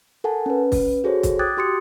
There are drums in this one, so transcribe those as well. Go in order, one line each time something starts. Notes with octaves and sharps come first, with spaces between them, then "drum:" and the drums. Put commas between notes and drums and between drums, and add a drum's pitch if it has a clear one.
A4 A#4 F#5 G#5 A5
C#4 B4
drum: kick, open hi-hat
F#4 G#4 A4 C5 C#5
drum: kick, hi-hat
G5 D6 D#6 F#6 G#6 A6
F#4 G4 C6 D#6 C#7